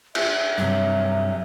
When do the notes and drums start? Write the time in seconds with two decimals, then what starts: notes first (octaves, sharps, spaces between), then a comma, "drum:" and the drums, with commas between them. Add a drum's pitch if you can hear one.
0.15 E5, drum: cymbal
0.58 G2 C3 F#3